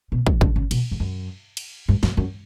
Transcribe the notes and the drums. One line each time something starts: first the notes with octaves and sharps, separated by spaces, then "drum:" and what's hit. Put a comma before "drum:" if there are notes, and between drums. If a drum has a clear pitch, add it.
B2
E3, drum: kick
D3, drum: kick
C#3
B2, drum: cymbal
E2
F#2
drum: cymbal
G2
F#2, drum: snare
F#2